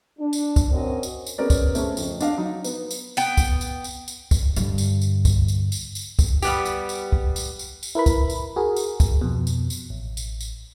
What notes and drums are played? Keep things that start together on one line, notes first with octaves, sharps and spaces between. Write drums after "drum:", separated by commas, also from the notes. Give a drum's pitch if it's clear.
D4
drum: tambourine
drum: kick, tambourine
C4 C#4 F#4 A#4 C5 D#5
drum: tambourine
drum: tambourine
B3 C#4 G#4 A#4 D5
drum: kick, tambourine
A3 C#4 G#4 A#4 C5 C#6, drum: tambourine
F2 C#3, drum: tambourine
D4 D#5 F5 F#5, drum: tambourine
F#3 D#4 F#4
B3, drum: tambourine
drum: tambourine
B3 G5, drum: tambourine
drum: kick, tambourine
drum: tambourine
drum: tambourine
drum: tambourine
drum: kick, tambourine
G2 D3, drum: tambourine
drum: tambourine
drum: tambourine
drum: kick, tambourine
drum: tambourine
drum: tambourine
drum: tambourine
drum: kick, tambourine
G3 B3 G4, drum: tambourine
drum: tambourine
drum: tambourine
drum: kick
drum: tambourine
drum: tambourine
drum: tambourine
E4 A#4 B4 B5
drum: kick, tambourine
drum: tambourine
F#4 G#4 A#4
drum: tambourine
drum: kick, tambourine
F2 B2
drum: tambourine
drum: tambourine
A1
drum: tambourine
drum: tambourine